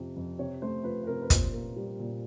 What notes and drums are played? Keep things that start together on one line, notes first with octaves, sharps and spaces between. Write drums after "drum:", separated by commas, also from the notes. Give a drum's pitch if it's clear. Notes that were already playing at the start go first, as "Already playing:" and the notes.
Already playing: F2 C3 F3
F2
C3 C#5
A3 C5
F3 B4
B4
C3 A#4
B4
A#2 C5, drum: kick, hi-hat
A#3
G3
A#2